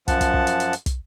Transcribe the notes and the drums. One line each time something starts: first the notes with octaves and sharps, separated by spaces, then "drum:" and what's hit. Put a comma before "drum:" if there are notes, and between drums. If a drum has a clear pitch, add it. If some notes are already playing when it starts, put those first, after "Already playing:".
F#2 F3 F#5 A5, drum: kick, hi-hat
drum: kick, hi-hat
drum: kick
drum: hi-hat
drum: hi-hat
drum: hi-hat
drum: kick, hi-hat